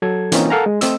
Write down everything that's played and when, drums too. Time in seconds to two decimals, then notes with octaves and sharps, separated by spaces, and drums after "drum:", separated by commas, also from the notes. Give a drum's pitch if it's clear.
0.02 F#3 A4 G#6
0.32 E3 A#3 C4 C#4 D#4 F4, drum: hi-hat
0.50 A4 A#4 F5 F#5 G#5 A#5
0.66 G#3
0.81 A3 C4 D#5 E6, drum: hi-hat